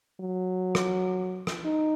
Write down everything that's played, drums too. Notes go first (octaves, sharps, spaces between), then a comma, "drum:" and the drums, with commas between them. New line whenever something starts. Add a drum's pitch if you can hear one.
F#3
drum: rim click
drum: rim click
D#4